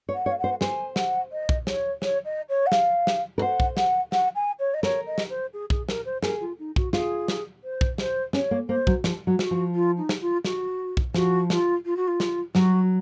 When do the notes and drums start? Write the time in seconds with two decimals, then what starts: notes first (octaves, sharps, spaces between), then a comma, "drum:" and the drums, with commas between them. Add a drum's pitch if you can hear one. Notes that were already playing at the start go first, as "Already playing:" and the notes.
0.09 C#5
0.15 F#5
0.26 C#5
0.31 F5
0.38 F#5
0.44 C5
0.61 C5 G#5, drum: snare
0.96 F#5, drum: snare
1.32 D#5
1.49 drum: kick
1.67 C#5, drum: snare
2.02 C#5, drum: snare
2.25 D#5
2.49 C#5
2.66 F#5
2.72 F5, drum: snare
3.07 drum: snare
3.38 A#4
3.42 C5 F#5
3.60 drum: kick
3.77 F#5, drum: snare
4.12 F#5, drum: snare
4.35 G#5
4.59 C#5
4.74 D#5
4.83 A#4 C#5, drum: snare
5.06 D#5
5.18 drum: snare
5.30 C5
5.53 G#4
5.70 G#4, drum: kick
5.89 A#4, drum: snare
6.05 C5
6.23 G#4 A#4, drum: snare
6.40 F4
6.59 D#4
6.76 F#4, drum: kick
6.93 F4 G#4, drum: snare
7.28 drum: snare
7.64 C5
7.81 drum: kick
7.98 C5, drum: snare
8.33 C#4 C#5, drum: snare
8.51 A#3
8.68 A#3 C5
8.87 F#3, drum: kick
9.04 F3, drum: snare
9.27 F#3
9.39 F#4, drum: snare
9.51 F3
9.75 F4
9.97 D#4
10.09 drum: snare
10.21 F4
10.44 F#4, drum: snare
10.97 drum: kick
11.14 F3 F#4, drum: snare
11.50 F4, drum: snare
11.85 F4
11.96 F#4
12.07 F4
12.20 drum: snare
12.55 F#3 F#4, drum: snare